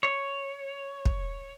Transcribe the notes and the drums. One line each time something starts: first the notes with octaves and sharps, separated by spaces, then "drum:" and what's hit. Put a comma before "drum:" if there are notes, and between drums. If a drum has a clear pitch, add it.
C#5
drum: kick